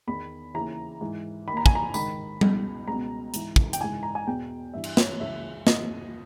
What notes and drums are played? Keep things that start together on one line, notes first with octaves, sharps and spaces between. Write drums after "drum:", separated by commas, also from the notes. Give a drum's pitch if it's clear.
E2 D#3 B5
D#2 C#3 E3 A#5
G#2 E3
D#3 B5
D#2 A#5
G#5, drum: kick
A#5
G#2 D#3 B5, drum: tambourine
C#2 B2, drum: tom G3
C#2 B2 A#5
G#2 E3, drum: hi-hat
drum: kick
G5, drum: hi-hat
G#2 E3 G#5
A#5
G#5
E2 B2 G5
G2 E3 E5
drum: cymbal
C#5, drum: snare
C#2 C#3 E3 E5
D#2 C#3 E3 D#5, drum: snare